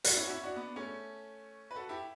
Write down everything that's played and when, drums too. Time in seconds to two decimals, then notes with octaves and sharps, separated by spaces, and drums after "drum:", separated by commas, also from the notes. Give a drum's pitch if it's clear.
0.04 F#4, drum: hi-hat
0.16 C#4 E4
0.24 F#4
0.29 C#4 E4
0.44 D4 F#4
0.56 B3 D4
0.76 A3 C#4
1.71 B4
1.76 F#4 A4
1.89 E4 G4